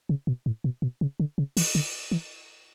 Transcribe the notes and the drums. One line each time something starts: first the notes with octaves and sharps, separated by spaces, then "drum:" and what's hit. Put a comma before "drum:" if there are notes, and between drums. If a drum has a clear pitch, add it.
C#3
B2
A2
B2
B2
C#3
D3
C#3
E3, drum: open hi-hat
D3
E3